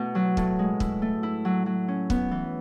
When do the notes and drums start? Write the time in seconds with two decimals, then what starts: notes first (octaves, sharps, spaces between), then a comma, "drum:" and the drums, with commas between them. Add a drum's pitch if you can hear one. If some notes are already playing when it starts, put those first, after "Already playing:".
Already playing: B2 A3 E4
0.15 F#3
0.37 A2, drum: kick
0.59 G#3
0.80 E4, drum: kick
1.02 A3
1.23 E4
1.45 F#3
1.66 F#3
1.88 C#4
2.10 B3, drum: kick
2.31 E3